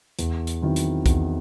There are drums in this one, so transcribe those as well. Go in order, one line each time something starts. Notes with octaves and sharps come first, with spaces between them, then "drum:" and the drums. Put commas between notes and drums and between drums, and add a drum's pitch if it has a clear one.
E2, drum: hi-hat
drum: hi-hat
D#3 F#3 C4 E4
drum: hi-hat
E2, drum: kick B1, hi-hat